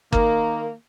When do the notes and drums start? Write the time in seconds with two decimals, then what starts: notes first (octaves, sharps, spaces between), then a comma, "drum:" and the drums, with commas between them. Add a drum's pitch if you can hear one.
0.12 D#3 A#3, drum: kick